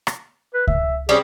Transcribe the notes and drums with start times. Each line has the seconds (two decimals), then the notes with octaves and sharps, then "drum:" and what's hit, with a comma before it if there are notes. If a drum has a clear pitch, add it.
0.07 drum: rim click
0.54 B4
0.67 E5, drum: kick C#2
1.09 G3 C4 C#4 G#4